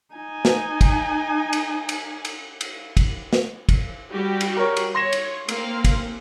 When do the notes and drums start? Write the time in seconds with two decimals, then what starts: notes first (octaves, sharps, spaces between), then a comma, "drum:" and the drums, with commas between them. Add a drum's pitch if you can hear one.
0.15 D#4 G#5
0.45 drum: snare
0.81 drum: kick, cymbal
1.53 drum: cymbal
1.89 drum: cymbal
2.25 drum: cymbal
2.61 drum: cymbal
2.97 drum: kick, cymbal
3.33 drum: snare
3.69 drum: kick, cymbal
4.10 G3 F#4 G4
4.41 drum: cymbal
4.57 A#4 C#5
4.77 drum: cymbal
4.95 C#5 C6 A#6 E7
5.13 drum: cymbal
5.49 A#3 C4 F5, drum: cymbal
5.84 drum: kick, cymbal